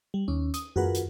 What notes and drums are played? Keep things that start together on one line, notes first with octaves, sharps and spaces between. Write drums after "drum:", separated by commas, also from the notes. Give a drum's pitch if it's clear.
G3
D#2 C#4
D#6, drum: hi-hat
F4 F#4 G#4 A#4 B4 F#5, drum: tom F#2
drum: hi-hat